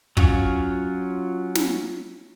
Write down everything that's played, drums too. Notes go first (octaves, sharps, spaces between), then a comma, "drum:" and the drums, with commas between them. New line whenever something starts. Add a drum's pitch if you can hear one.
F#3 C#4 F4 C#5 C#6, drum: kick
drum: snare